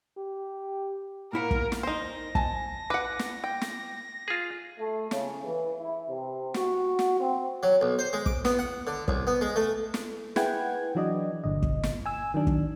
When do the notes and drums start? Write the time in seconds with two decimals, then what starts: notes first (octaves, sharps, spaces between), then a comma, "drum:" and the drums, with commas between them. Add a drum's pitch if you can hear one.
0.17 G4
1.33 A2 A#3 E4 A#4 F#5
1.51 drum: kick
1.72 drum: snare
1.83 D#4 C5 A#6
2.35 G#5 A5, drum: kick
2.90 B4 F#5 D6
3.19 drum: snare
3.44 G5
3.61 drum: snare
4.28 F4 G#4
4.79 A3
5.11 C#3, drum: snare
5.46 E3
5.79 E4
6.09 C3
6.54 F#4, drum: snare
6.99 drum: snare
7.20 C4
7.63 F#3
7.81 B1
7.99 C5
8.13 G#3
8.26 D6, drum: kick
8.45 B3, drum: snare
8.59 F#5
8.87 D3
9.08 C2, drum: kick
9.27 B3
9.41 G#3
9.56 A3
9.94 drum: snare
10.36 E4 G#4 B4 F#5 G5 G#6, drum: snare
10.95 E3 F#3 D4 D5 D#5
11.44 G1 A#2 D3 D#5
11.62 drum: kick
11.83 drum: snare
12.06 G#5 E6
12.34 D#3 F#3 D4
12.47 drum: kick